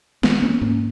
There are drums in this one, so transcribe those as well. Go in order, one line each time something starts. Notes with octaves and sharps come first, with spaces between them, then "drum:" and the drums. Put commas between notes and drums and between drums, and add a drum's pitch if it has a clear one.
G#3 B3, drum: snare
A#3 C#4
G#2 A#3 C#4